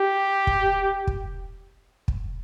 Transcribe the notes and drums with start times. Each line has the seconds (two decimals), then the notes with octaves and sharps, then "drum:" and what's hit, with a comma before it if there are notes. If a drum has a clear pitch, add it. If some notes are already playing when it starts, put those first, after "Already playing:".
Already playing: G4
0.47 drum: kick
1.07 drum: kick
2.08 drum: kick